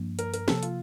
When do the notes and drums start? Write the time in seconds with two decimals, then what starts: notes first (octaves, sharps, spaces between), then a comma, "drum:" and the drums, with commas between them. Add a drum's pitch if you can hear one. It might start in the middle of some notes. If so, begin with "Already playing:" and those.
Already playing: G2 F3 A#3 D4
0.19 A#4, drum: hi-hat
0.34 A#4, drum: hi-hat
0.48 C3 F3 A#3 A4, drum: snare
0.63 F4, drum: hi-hat